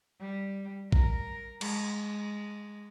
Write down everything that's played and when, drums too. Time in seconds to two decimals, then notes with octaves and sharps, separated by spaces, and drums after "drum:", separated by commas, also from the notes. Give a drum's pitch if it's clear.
0.20 G3
0.92 A#4, drum: kick A#1
1.61 G#3, drum: cymbal